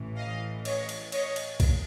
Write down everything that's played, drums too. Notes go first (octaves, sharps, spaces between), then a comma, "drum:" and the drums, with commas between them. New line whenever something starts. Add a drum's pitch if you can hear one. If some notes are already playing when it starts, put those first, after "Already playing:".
Already playing: A1 A2 E3
D#5 F5
C#5 D#5, drum: cymbal
drum: cymbal
C#5 D#5, drum: cymbal
drum: cymbal
drum: kick, cymbal